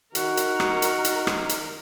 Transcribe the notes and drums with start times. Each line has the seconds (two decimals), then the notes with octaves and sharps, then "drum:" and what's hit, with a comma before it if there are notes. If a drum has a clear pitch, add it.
0.15 D#3 F#4 A#4, drum: hi-hat
0.37 drum: hi-hat
0.60 drum: rim click
0.82 drum: hi-hat
1.05 drum: hi-hat
1.27 drum: rim click
1.49 drum: hi-hat